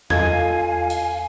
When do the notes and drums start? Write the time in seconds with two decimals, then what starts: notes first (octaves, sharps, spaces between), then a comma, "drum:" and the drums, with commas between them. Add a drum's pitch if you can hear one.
0.10 F4 A4 D#5 F5 G#5 G#6, drum: tom E2
0.90 drum: hi-hat